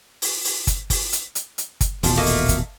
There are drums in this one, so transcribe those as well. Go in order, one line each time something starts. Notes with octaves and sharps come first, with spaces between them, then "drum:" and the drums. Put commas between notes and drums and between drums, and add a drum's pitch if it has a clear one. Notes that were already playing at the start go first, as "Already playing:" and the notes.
drum: open hi-hat
drum: open hi-hat
drum: kick, hi-hat
drum: kick, open hi-hat
drum: hi-hat
drum: hi-hat
drum: hi-hat
drum: kick, hi-hat
D#1 A1 B2 F3, drum: open hi-hat
A3 A#3 D#5
drum: open hi-hat
drum: kick, hi-hat